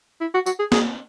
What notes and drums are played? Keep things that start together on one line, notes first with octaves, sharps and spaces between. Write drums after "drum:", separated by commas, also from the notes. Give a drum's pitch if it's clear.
E4
F#4
F#4, drum: tambourine
G#4
G#4, drum: snare